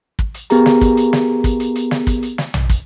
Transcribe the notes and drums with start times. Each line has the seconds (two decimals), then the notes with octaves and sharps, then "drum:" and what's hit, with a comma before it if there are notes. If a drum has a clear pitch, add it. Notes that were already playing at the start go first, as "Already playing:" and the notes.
0.19 drum: kick
0.34 drum: hi-hat
0.50 B3 G4 G#4 A#4 A#5, drum: hi-hat
0.66 drum: snare
0.81 drum: kick, hi-hat
0.97 drum: hi-hat
1.13 drum: snare
1.44 drum: kick, hi-hat
1.60 drum: hi-hat
1.75 drum: hi-hat
1.91 drum: snare
2.07 drum: kick, hi-hat
2.22 drum: hi-hat
2.38 drum: snare
2.54 drum: tom A#1
2.70 drum: kick, hi-hat